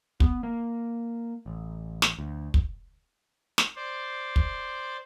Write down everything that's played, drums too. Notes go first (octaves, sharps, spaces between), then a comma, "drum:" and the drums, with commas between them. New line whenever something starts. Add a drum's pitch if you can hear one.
B3, drum: kick
A#3
A1
drum: snare
D2
drum: kick
drum: snare
C5 D5
drum: kick